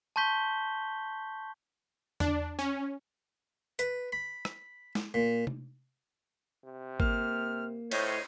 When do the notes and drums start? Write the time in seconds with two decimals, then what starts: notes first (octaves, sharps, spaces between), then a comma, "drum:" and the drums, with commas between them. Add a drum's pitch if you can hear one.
0.16 A5 C6 C#6 G6 B6 G7
2.20 D4, drum: tom E2
2.59 C#4
3.79 B4, drum: hi-hat
4.12 B5
4.45 drum: rim click
4.95 drum: snare
5.14 A#2
5.47 drum: tom C3
6.64 C3
7.00 A#3 F6, drum: kick
7.91 A2 C5 C#5 D#5, drum: cymbal